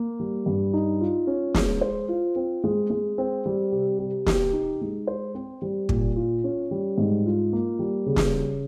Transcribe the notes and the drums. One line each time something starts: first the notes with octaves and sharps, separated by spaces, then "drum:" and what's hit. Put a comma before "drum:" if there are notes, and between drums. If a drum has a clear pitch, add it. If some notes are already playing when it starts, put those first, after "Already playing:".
Already playing: A#3
G3
G2
D#4
F4
C#4
G#3, drum: snare
C5
F4
C4
G#3
G#3
C4
G3
C3
C3
G4, drum: snare
D#4
G#3
C5
C4
G3
A#2, drum: kick
F4
C#4
G3
G#2
F4
A#3
G3
C#3
drum: snare
C#4